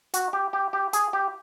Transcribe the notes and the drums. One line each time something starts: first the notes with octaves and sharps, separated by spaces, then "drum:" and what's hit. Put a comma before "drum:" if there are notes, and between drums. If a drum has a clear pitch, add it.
F#4, drum: hi-hat
G4
G4
G4
G#4, drum: hi-hat
G4